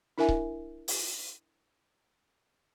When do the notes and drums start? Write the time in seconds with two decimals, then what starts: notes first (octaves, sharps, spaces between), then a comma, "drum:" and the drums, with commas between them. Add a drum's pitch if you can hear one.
0.18 D4 E4 A#4 E5 G#5
0.28 drum: kick C#1
0.88 drum: open hi-hat